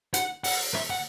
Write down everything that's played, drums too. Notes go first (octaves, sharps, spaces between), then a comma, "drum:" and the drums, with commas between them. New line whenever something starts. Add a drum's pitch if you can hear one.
F#5, drum: hi-hat
F#5, drum: open hi-hat
E5, drum: rim click
F#5